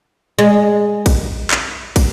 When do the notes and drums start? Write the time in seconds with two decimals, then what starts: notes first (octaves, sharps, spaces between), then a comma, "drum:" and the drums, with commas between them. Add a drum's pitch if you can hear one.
0.39 G#3
1.06 drum: kick, cymbal
1.51 drum: clap
1.96 drum: kick, cymbal